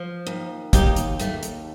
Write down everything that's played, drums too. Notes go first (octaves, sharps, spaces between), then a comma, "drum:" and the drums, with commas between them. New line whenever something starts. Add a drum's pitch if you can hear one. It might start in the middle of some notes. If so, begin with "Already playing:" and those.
Already playing: F3
D#2
D#2 D#4 G4, drum: kick, hi-hat
drum: hi-hat
D#2 A3, drum: hi-hat
drum: hi-hat